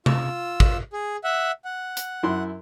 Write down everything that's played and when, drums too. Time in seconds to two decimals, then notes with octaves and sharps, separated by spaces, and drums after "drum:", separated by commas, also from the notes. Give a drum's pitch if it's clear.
0.06 F4 E6, drum: tom C3
0.60 drum: kick
0.93 G#4
1.24 E5 F#5
1.65 F#5
1.97 drum: hi-hat
2.23 F#2 E4 C6